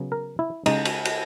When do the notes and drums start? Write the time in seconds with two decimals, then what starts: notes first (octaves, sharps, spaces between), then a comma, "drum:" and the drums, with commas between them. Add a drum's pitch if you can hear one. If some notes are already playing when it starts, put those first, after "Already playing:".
Already playing: C#3 F#3 B3
0.12 A#4
0.39 E4
0.66 C#3 G#3 C#4 D#4, drum: cymbal
0.85 drum: cymbal
1.05 drum: cymbal